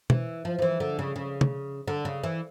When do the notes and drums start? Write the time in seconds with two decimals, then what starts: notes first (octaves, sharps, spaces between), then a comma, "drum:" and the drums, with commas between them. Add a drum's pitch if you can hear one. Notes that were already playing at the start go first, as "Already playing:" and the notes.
0.10 E3, drum: tom
0.45 F3
0.59 F3
0.62 E3
0.80 D3
0.99 C#3
1.16 C#3
1.41 drum: tom
1.88 D3
2.05 C#3
2.23 E3